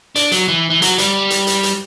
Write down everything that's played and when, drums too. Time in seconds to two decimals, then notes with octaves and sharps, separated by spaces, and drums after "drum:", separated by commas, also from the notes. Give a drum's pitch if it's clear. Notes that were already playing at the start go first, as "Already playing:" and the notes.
0.16 D4, drum: hi-hat
0.31 F#3, drum: hi-hat
0.48 E3
0.70 E3
0.82 F#3, drum: hi-hat
0.98 G3, drum: hi-hat
1.30 drum: hi-hat
1.47 drum: hi-hat
1.63 drum: hi-hat